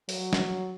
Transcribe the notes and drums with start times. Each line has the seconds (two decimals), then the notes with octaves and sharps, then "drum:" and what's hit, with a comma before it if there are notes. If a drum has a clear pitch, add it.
0.09 F#3, drum: open hi-hat
0.33 drum: snare